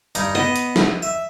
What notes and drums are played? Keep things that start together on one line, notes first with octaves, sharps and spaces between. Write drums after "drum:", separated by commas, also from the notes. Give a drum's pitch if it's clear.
G2 D#4 A#5, drum: hi-hat
B3 D#5
drum: hi-hat
drum: snare
E5